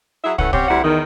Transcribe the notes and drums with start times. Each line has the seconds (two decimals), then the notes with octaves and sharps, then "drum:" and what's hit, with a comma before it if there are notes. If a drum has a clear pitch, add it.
0.24 F#3 E4 G#4 E5
0.39 E3 A3 C#4 F#5, drum: kick
0.53 C4 C#4 G4 C#5 F#5, drum: kick
0.69 D2 G3 C4 E4 F#5
0.83 E2 D#3